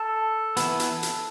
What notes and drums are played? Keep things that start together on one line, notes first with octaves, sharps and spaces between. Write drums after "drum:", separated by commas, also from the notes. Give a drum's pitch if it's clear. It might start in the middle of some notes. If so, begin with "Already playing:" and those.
Already playing: A4
E3 B3, drum: hi-hat
drum: hi-hat
drum: hi-hat